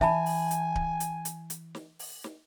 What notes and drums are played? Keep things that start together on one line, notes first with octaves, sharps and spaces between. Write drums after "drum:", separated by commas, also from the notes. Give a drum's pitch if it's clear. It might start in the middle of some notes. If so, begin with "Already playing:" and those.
E3 E5 G#5 A5 B5, drum: snare
drum: open hi-hat
drum: hi-hat
drum: kick D1
drum: hi-hat
drum: hi-hat
drum: hi-hat
drum: snare
drum: open hi-hat
drum: snare